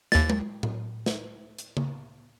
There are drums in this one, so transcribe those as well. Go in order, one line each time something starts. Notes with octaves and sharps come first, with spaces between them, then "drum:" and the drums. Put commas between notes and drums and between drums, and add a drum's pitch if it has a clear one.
D#2 A6, drum: snare
drum: tom G#3
drum: tom A2
drum: snare
drum: hi-hat
drum: tom C#3